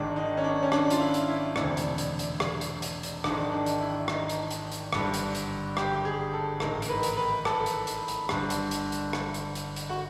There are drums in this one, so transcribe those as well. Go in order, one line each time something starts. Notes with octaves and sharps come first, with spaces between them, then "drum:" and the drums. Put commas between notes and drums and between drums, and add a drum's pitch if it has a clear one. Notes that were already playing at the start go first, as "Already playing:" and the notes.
Already playing: G#1 G#2 D#3 D4
D#4
C#4
D4
C#4
D4, drum: rim click
F4, drum: hi-hat
E4
drum: hi-hat
E4
E1 D2 C3 E3 D4, drum: rim click
drum: hi-hat
drum: hi-hat
drum: hi-hat
drum: rim click
drum: hi-hat
drum: hi-hat
drum: hi-hat
G#1 G#2 D#3 D4, drum: rim click
D4
drum: hi-hat
E4
D#4, drum: rim click
drum: hi-hat
drum: hi-hat
drum: hi-hat
G1 G2 D3, drum: rim click
drum: hi-hat
drum: hi-hat
G4, drum: rim click
G4
G#4
A4
A1 G#2 D#3 A#4, drum: rim click
A#4, drum: hi-hat
B4
drum: hi-hat
B4
A4, drum: rim click
drum: hi-hat
drum: hi-hat
drum: hi-hat
G1 G2 D3, drum: rim click
drum: hi-hat
drum: hi-hat
drum: hi-hat
drum: rim click
drum: hi-hat
drum: hi-hat
drum: hi-hat
F#4